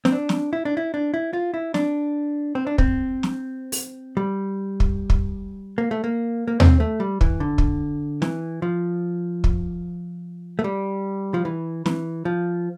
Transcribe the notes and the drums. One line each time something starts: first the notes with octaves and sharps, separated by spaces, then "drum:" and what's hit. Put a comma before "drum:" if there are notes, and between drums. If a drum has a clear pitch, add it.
C4, drum: snare
D4
drum: snare
E4
D4
E4
D4
E4
F4
E4
D4, drum: snare
C4
D4
C4, drum: kick
drum: snare
drum: open hi-hat
G3
drum: kick
drum: kick
A#3
A3
A#3
A#3
C4, drum: tom D#2
A3
G3
E3, drum: kick
D3
drum: kick
E3, drum: snare
F3
drum: kick
A3
G3
F3
E3
E3, drum: snare
F3